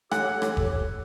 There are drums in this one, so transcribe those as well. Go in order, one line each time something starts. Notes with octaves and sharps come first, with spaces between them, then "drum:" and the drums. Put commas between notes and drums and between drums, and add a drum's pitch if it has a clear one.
G4 A4 C#5 F#5, drum: rim click
drum: rim click
drum: kick F1